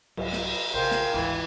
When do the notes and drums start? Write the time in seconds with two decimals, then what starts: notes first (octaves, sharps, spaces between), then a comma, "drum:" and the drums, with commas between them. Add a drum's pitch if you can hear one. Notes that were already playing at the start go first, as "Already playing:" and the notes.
0.17 C2 G#2 F#3, drum: cymbal
0.33 drum: snare
0.74 A#1 A#2 C#3 G#4 A#4 C5 F5 G5
0.91 drum: snare
1.14 G#1 D2 G#2 E3